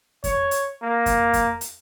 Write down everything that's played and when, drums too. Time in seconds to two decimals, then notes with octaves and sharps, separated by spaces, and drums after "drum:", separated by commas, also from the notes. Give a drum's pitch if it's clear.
0.24 C#5, drum: kick F2, hi-hat
0.51 drum: hi-hat
0.82 A#3
1.06 drum: kick F2, hi-hat
1.33 drum: kick F2, hi-hat
1.61 drum: hi-hat